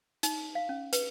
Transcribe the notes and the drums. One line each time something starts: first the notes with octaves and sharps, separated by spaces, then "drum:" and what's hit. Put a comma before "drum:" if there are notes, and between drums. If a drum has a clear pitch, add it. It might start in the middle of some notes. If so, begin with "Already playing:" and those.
D#4, drum: hi-hat
F5
C#4
B4, drum: hi-hat